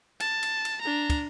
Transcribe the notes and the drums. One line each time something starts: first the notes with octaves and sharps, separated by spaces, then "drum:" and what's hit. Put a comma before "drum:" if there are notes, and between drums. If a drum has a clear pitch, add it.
A5, drum: cymbal
drum: cymbal
drum: cymbal
D4 A#5
drum: kick, cymbal